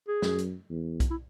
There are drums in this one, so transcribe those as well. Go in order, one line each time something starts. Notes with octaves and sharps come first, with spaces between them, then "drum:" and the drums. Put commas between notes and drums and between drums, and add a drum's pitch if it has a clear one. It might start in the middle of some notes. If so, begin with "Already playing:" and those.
G#4
F#2, drum: snare
drum: hi-hat
E2
drum: kick B1, hi-hat
E4